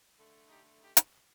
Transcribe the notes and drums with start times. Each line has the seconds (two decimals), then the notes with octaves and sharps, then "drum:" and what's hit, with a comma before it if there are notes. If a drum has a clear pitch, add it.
0.18 D3 A3
0.48 D#4 G4
0.80 D#4 G4
0.97 drum: hi-hat